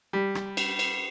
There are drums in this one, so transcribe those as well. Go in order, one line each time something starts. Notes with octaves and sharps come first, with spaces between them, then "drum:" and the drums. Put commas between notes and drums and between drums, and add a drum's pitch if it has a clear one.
G3
drum: rim click
drum: cymbal
drum: cymbal